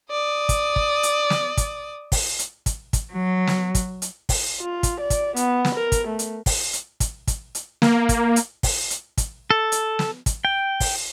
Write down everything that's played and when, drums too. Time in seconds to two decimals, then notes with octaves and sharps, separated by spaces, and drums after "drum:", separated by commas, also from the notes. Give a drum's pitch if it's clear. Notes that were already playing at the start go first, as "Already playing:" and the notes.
0.11 D5 D#6
0.49 drum: kick, hi-hat
0.76 drum: kick
1.03 drum: hi-hat
1.30 drum: snare
1.57 drum: kick, hi-hat
2.12 drum: kick, open hi-hat
2.39 drum: hi-hat
2.66 drum: kick, hi-hat
2.93 drum: kick, hi-hat
3.13 F#3
3.47 drum: snare
3.75 drum: kick, hi-hat
4.02 drum: hi-hat
4.29 drum: kick, open hi-hat
4.61 F4
4.83 drum: kick, hi-hat
5.00 D5
5.10 drum: kick, hi-hat
5.36 B3, drum: hi-hat
5.65 drum: snare
5.75 A#4
5.92 drum: kick, hi-hat
6.08 A3
6.19 drum: hi-hat
6.46 drum: kick, open hi-hat
6.73 drum: hi-hat
7.00 drum: kick, hi-hat
7.28 drum: kick, hi-hat
7.55 drum: hi-hat
7.82 A#3, drum: snare
8.09 drum: kick, hi-hat
8.36 drum: hi-hat
8.63 drum: kick, open hi-hat
8.90 drum: hi-hat
9.18 drum: kick, hi-hat
9.50 A4
9.72 drum: hi-hat
9.99 drum: snare
10.26 drum: kick, hi-hat
10.45 G5
10.80 drum: kick, open hi-hat